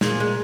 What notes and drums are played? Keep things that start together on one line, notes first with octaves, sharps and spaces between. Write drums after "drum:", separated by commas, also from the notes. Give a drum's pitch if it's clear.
A#2 G#4, drum: snare
G#3